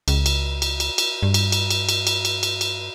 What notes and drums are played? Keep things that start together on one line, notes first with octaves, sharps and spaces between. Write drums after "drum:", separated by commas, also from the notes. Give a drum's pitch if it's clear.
C#2, drum: cymbal
drum: cymbal
drum: cymbal
drum: cymbal
drum: cymbal
G2
drum: cymbal
drum: cymbal
drum: cymbal
drum: cymbal
drum: cymbal
drum: cymbal
drum: cymbal
drum: cymbal